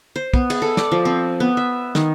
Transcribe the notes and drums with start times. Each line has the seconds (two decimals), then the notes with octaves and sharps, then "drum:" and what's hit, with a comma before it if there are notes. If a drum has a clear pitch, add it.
0.16 C5
0.34 B3, drum: kick
0.50 G#4, drum: cymbal
0.62 A4
0.77 D5, drum: snare
0.92 F3
1.05 C4
1.40 B3
1.57 E5
1.95 D#3, drum: snare